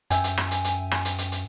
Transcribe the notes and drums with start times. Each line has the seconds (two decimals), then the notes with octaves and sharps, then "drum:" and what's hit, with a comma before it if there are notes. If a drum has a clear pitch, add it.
0.10 F#2 E5 G5 G#5, drum: hi-hat
0.24 drum: hi-hat
0.37 drum: rim click
0.51 drum: hi-hat
0.64 drum: hi-hat
0.91 drum: rim click
1.05 drum: hi-hat
1.18 drum: hi-hat
1.32 drum: hi-hat